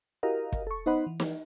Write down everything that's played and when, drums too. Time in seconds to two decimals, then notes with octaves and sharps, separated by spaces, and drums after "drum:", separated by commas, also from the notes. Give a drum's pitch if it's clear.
0.23 E4 F#4 G4 A#4 D#5 F5
0.52 drum: kick
0.67 A4 C#6
0.86 B3 D#4 C5 D#5 F#5 B5
1.07 E3
1.20 drum: snare